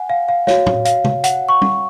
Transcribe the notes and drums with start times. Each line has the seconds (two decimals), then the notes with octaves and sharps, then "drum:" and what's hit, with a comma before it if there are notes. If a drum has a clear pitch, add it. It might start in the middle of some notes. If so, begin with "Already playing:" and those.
Already playing: F#5 G#5
0.10 F5
0.29 F5
0.47 F#4 C#5 F5, drum: snare
0.66 drum: tom
0.85 F5, drum: hi-hat
1.05 drum: tom C3
1.24 F#5, drum: hi-hat
1.49 C#6
1.62 drum: tom G3